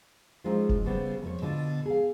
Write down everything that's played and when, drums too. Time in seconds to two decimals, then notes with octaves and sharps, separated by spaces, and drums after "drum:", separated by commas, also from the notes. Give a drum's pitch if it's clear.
0.44 F3 G#3 C4 C#4 D#4 F4
0.69 drum: kick F1
0.85 C#3 G3 B3 C4
1.22 F2 C#5
1.42 B2 D3 F4
1.85 G#4 F5